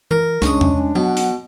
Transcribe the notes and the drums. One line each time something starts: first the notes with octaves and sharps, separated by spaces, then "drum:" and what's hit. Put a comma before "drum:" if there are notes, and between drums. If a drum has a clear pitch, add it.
E3 A#4
C#2 G#3 C#4 D4 C#6 D#6, drum: snare
drum: tom E2
B2 F#3 F#5
drum: open hi-hat